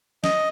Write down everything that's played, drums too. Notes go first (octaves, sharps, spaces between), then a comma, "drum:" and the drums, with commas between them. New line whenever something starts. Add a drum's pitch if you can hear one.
D#5, drum: snare